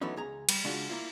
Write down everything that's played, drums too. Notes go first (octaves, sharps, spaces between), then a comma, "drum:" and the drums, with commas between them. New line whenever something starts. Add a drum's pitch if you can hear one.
E3 F#3 A3 B3 C#4 D#4
C#2 G#4 A#5
G3, drum: cymbal
C#3 G#3 D4 F4 F#4
A#3 E4 F4